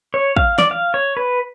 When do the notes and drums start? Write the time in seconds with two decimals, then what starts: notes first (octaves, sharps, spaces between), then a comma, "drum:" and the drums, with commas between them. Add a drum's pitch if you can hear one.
0.14 C#5
0.37 F5, drum: kick
0.59 D5, drum: snare
0.71 F5
0.94 C#5
1.17 B4